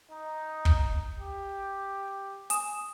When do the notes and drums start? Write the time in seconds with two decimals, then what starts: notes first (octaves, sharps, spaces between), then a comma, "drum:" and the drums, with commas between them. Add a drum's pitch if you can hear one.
0.11 D#4
0.65 drum: kick
1.20 G4
2.50 G#5 D#6 E7, drum: hi-hat